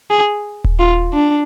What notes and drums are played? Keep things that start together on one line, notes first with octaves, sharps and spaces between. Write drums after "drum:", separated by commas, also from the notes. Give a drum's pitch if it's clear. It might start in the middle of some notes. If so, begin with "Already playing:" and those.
G#4
drum: kick D#1
F4
D4